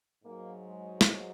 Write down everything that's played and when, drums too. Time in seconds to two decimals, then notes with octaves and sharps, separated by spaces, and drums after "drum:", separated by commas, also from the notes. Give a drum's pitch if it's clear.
0.24 G#2 F#3 A#3
0.65 G#3
1.01 drum: snare